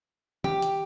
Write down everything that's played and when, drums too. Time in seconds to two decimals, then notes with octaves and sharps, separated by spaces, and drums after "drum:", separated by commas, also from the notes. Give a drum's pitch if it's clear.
0.44 G4, drum: tom
0.62 drum: hi-hat